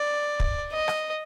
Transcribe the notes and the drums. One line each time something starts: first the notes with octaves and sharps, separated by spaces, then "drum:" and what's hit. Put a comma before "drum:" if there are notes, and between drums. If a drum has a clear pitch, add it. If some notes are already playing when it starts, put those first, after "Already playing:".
Already playing: D5
drum: kick
D#5
drum: rim click